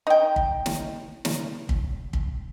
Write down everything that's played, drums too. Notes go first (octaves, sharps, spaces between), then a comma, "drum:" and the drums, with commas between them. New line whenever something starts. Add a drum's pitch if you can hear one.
D#4 G5
drum: kick
drum: snare
drum: snare
drum: kick
drum: kick